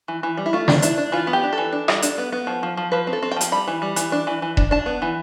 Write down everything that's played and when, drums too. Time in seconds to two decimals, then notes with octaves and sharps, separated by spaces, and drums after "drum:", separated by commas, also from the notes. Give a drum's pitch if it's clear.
0.08 E3
0.23 E3
0.37 G3
0.46 E4
0.53 A3 F4
0.68 D4, drum: snare
0.82 D4 E4, drum: hi-hat
0.98 D4
1.12 E3 F4
1.27 B3
1.33 G4
1.43 D4
1.53 A4
1.58 E3
1.72 D4
1.88 G3, drum: rim click
2.02 D4, drum: hi-hat
2.18 B3
2.32 B3
2.47 F3
2.63 F3
2.77 F3
2.92 F3 B4
3.07 C4
3.13 A4
3.23 C4
3.31 F3 G5
3.41 drum: hi-hat
3.52 G3 B5
3.68 E3
3.82 G3
3.96 E3, drum: hi-hat
4.12 D4
4.27 E3
4.42 E3
4.57 D4, drum: kick E1
4.71 D4 A5
4.86 B3
5.02 E3